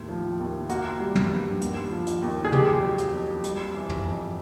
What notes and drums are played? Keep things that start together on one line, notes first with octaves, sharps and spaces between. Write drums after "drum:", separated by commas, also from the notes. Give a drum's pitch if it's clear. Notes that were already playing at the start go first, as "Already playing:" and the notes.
Already playing: D#2 A2
F3
D#2
A#3 F#4, drum: hi-hat
G3
drum: tom
G2
D#2, drum: hi-hat
F3
drum: hi-hat
D#2
G#4
F2 G4, drum: tom
F#3
drum: hi-hat
F2
G3, drum: hi-hat
E3
drum: tom
F2